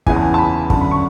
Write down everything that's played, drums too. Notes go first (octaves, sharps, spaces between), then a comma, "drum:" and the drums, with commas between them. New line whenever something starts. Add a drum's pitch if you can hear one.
E2 C#3 E3 G#5, drum: kick
A5
G#5
A5
B5
F#2 D3 A5, drum: kick
B5
C#6